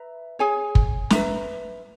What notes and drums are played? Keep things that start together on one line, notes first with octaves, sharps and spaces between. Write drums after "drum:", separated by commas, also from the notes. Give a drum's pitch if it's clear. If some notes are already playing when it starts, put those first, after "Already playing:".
Already playing: B4 E5 A#5
G#4 C#5 G#5
drum: kick
B4 E5 A#5, drum: snare